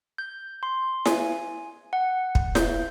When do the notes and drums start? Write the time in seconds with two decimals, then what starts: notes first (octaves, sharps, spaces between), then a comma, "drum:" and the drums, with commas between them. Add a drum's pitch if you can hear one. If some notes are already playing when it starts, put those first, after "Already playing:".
0.18 G6
0.63 C6
1.06 G#5, drum: snare E4
1.93 F#5
2.35 drum: kick
2.55 G6, drum: snare E4